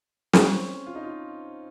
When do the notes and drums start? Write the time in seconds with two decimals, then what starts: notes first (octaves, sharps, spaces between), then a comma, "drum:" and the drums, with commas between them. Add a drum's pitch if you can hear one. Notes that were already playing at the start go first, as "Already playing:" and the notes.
0.33 C#4, drum: snare
0.51 C4
0.86 F4
0.95 D#4
1.04 F4